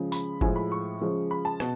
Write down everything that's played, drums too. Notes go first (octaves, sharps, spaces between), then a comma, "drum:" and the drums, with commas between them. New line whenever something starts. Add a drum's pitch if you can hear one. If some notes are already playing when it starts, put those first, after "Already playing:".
Already playing: C#3 F3 G#3
B5, drum: tambourine
A2 F3 G#3 G#5, drum: kick F#1
B5
C#6
C#3 F3 G#3
B5
A5
B2, drum: rim click